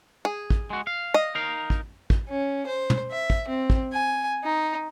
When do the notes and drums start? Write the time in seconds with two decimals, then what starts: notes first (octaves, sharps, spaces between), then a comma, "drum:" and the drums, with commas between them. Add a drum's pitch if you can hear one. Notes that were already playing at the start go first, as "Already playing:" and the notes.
0.25 G#4
0.50 drum: kick
0.70 G#3 F#4
0.87 F5
1.14 D#5
1.35 D#4 A#4 F5
1.70 drum: kick
2.10 drum: kick
2.28 C#4
2.67 C5
2.90 drum: tom
3.11 E5
3.30 drum: kick
3.48 C4
3.70 drum: kick
3.93 G#5
4.44 D#4